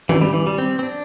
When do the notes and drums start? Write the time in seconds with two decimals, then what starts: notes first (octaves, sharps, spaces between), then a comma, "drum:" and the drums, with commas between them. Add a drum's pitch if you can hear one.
0.09 E3, drum: tom D#3
0.21 G3
0.34 E3
0.47 G3
0.58 C4
0.79 C4
0.83 D4